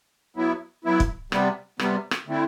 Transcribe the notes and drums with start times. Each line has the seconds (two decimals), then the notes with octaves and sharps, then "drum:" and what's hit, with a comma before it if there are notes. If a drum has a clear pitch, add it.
0.36 F#3 B3 E4
0.84 F#3 B3 E4
1.00 drum: kick
1.32 C3 G3 B3, drum: rim click
1.79 C3 G3 B3, drum: rim click
2.11 drum: rim click
2.27 D3 A3 C4 E4